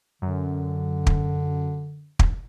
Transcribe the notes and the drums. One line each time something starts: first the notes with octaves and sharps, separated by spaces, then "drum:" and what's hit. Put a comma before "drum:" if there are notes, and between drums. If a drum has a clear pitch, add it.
F#2 D3
drum: kick
drum: kick